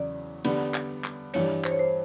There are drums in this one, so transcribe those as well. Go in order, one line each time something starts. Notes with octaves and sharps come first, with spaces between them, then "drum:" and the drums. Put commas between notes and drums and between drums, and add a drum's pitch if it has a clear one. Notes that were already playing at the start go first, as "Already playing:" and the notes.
Already playing: E2 C#3 F#3 D5
D3 G3 B3, drum: cymbal
drum: clap
drum: clap
G2 E3 G3 C#5, drum: cymbal
C5, drum: clap
C#5
C5